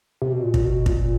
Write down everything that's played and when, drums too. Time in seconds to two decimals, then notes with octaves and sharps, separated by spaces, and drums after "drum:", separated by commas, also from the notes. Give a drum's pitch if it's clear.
0.22 C3
0.33 B2
0.43 A#2
0.54 A#2, drum: kick
0.65 B2
0.86 A#2, drum: kick